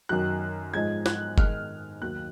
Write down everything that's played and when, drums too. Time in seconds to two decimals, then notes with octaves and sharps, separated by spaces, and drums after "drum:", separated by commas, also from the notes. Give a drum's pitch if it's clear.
0.09 F#2 D#3 F#3 F#6
0.73 G#2 F3 G#3 G#6
1.06 F#6, drum: snare
1.38 G#2 D#3 G#3 F6, drum: kick F#1
2.02 D#2 D#3 F#3 F#6